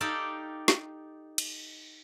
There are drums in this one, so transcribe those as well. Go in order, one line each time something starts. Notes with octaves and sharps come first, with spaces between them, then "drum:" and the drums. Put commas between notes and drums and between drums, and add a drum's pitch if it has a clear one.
D#4 G4 A4 D5 F5
drum: snare
drum: cymbal